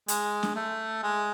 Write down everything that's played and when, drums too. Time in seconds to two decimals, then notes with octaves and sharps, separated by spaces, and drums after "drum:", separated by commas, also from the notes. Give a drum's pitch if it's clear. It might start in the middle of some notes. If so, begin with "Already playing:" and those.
0.08 G#3, drum: hi-hat
0.43 drum: snare
0.55 A3
1.03 G#3